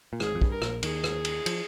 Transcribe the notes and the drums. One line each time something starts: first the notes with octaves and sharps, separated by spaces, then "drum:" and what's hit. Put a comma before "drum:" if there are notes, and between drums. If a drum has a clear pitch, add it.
A#2
G#1 G#2 G#4, drum: rim click
F2
G2, drum: kick
A#4
A#1 A#2, drum: rim click
D#2 D#3 G#4, drum: cymbal
drum: rim click
drum: cymbal
F3, drum: cymbal